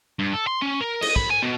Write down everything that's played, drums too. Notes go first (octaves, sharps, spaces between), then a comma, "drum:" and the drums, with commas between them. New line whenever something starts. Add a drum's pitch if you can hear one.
G2
A4
C6
C#4
A#4
D#5, drum: cymbal
B5, drum: kick
G#5
B2